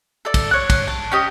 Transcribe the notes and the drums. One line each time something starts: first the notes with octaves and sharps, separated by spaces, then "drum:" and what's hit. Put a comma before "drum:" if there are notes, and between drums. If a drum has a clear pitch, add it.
A4 D5
drum: kick, cymbal
C#5 F#6
drum: kick, cymbal
A5
C#4 G4 D#5